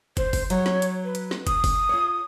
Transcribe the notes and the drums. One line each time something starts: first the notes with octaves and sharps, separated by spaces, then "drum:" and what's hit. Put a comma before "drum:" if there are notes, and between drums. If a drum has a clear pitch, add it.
C5, drum: kick, hi-hat
drum: kick, open hi-hat
F#3 C#5, drum: hi-hat
drum: snare
drum: hi-hat
B4
drum: hi-hat
drum: snare
D#6, drum: kick, hi-hat
drum: kick, open hi-hat
F4 C#5